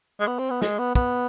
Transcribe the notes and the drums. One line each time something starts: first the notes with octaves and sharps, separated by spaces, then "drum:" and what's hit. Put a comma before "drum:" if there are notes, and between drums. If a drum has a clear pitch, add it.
G#3
B3
C4
B3
G#3, drum: snare
B3
B3, drum: kick